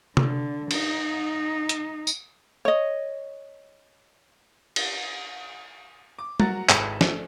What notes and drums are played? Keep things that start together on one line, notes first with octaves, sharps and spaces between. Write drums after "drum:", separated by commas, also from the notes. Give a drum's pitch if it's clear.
D3, drum: tom
D#4, drum: cymbal
drum: hi-hat
drum: tambourine
C#5 D#5
drum: cymbal
D6
F#3 F#4 A#4 F#5 A#5 A6, drum: tom
G#1 G#3 E4 A4 B4 A5, drum: clap
A3, drum: snare